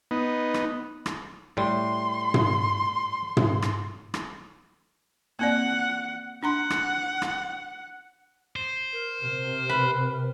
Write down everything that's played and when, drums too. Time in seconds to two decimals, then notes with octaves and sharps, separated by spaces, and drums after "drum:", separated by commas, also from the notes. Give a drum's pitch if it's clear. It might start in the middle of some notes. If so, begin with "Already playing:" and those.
0.11 B3 D#4
0.54 drum: rim click
1.06 drum: rim click
1.57 A2 G3 C6
2.34 drum: tom
3.37 drum: tom
3.62 drum: rim click
4.14 drum: rim click
5.39 A#3 C4 D5 F#5
6.43 D4 F#5 A#5 C6
6.70 drum: rim click
7.22 drum: rim click
8.56 C5
8.92 A#4
9.22 C3
9.69 B4